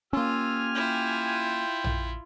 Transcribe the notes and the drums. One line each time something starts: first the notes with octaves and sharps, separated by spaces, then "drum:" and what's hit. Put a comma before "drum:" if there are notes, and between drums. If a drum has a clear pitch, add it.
A#3 C#4 F4 G4 G#5 E6 F6
E4 F4 G5
drum: tom A#1